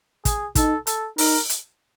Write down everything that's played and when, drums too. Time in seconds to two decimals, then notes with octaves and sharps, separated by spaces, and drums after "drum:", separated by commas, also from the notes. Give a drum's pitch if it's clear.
0.25 G#4, drum: kick, hi-hat
0.55 D#4 A4, drum: kick, hi-hat
0.87 A4, drum: hi-hat
1.18 D#4 A#4, drum: open hi-hat
1.49 drum: hi-hat